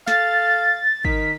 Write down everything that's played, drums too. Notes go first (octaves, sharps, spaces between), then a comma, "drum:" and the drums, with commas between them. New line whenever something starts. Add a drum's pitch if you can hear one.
A4 F5 A6, drum: snare
D#3 B6, drum: kick